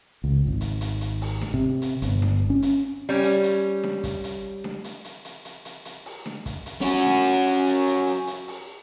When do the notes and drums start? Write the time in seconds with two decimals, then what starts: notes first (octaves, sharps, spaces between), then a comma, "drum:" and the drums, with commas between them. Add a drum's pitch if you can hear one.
0.24 C#2
0.47 G#1
0.61 drum: hi-hat
0.81 drum: hi-hat
1.01 drum: hi-hat
1.21 drum: open hi-hat
1.41 drum: snare D4
1.54 C3
1.82 drum: hi-hat
2.02 G1, drum: hi-hat
2.22 drum: snare D4
2.50 C#4
2.62 drum: hi-hat
3.09 G3 C#4
3.23 drum: hi-hat
3.43 drum: hi-hat
3.83 drum: snare D4
4.04 drum: kick, hi-hat
4.24 drum: hi-hat
4.64 drum: snare D4
4.84 drum: hi-hat
5.05 drum: hi-hat
5.25 drum: hi-hat
5.45 drum: hi-hat
5.65 drum: hi-hat
5.85 drum: hi-hat
6.05 drum: open hi-hat
6.26 drum: snare D4
6.46 drum: kick, hi-hat
6.66 drum: hi-hat
6.81 C#4 F#4
7.06 drum: snare D4
7.26 drum: hi-hat
7.47 drum: hi-hat
7.67 drum: hi-hat
7.87 drum: hi-hat
8.07 drum: hi-hat
8.27 drum: hi-hat
8.47 drum: open hi-hat